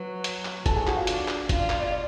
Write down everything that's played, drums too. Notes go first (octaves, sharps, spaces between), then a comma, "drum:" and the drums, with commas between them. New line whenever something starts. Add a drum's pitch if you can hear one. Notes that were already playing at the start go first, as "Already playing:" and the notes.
Already playing: F#3 B4
drum: hi-hat
drum: clap
F#3 A4 A5, drum: kick F#1, hi-hat
G#4 G#5
F#4 F#5, drum: clap
F4 F5
D4, drum: hi-hat
drum: clap
F4, drum: kick F#1, hi-hat
D5
drum: clap
D5
D5